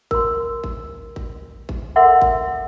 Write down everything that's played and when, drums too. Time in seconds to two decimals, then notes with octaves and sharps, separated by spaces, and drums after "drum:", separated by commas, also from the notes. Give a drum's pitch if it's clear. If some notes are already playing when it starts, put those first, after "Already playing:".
0.11 A#4 C6, drum: kick A1
0.64 drum: kick A1
1.16 drum: kick A1
1.69 drum: kick A1
1.96 A4 A#4 E5 F#5 C6
2.22 drum: kick A1